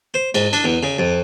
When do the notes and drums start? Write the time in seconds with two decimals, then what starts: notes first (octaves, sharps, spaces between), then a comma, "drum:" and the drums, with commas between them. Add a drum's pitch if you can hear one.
0.14 C5
0.34 G#2, drum: cymbal
0.53 D4, drum: cymbal
0.64 E2
0.83 C#3
0.99 F2